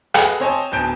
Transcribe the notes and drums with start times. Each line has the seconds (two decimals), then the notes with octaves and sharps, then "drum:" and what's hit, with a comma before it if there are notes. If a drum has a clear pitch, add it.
0.14 G#4 A4 B4 D#5 F#5 G#5, drum: rim click
0.40 C4 C5 C#5 D#5 G#5 A5
0.72 D1 B3 G#5 A5 G6 D7